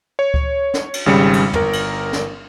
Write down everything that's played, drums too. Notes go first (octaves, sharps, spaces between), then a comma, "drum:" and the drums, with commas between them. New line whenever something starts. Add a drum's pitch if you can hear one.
C#5
drum: kick C#2
drum: snare
drum: cymbal
G#1 C#3 G3 C#7
drum: cymbal
G1 A#4, drum: tom
drum: cymbal
drum: snare